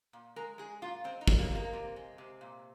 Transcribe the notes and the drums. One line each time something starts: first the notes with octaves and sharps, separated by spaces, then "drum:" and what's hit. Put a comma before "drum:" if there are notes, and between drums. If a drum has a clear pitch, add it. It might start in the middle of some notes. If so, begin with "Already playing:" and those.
A#2
G#3 A#4
G#3 G#4
A#2 F4
G#3 C4
D#4
G#3, drum: kick
A#3
C3 A#3
C3
G#3
C3
A#2